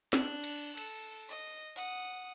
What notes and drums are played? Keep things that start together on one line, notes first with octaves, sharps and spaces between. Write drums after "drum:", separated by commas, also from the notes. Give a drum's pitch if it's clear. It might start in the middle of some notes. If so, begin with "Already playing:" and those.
D4 F#6, drum: snare
drum: cymbal
A4, drum: cymbal
D#5
F#5 D#6, drum: hi-hat